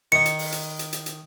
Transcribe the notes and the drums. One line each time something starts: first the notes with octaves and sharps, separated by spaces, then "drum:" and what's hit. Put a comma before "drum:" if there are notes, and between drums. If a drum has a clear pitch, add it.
D#3 D#4 C#7
drum: hi-hat
drum: open hi-hat
drum: hi-hat
drum: hi-hat
drum: hi-hat
drum: hi-hat